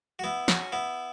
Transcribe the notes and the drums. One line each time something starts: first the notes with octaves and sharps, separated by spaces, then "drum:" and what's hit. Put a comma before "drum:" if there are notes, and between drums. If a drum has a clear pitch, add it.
F#4
B3 E4
C#4 F#4, drum: snare
B3 E4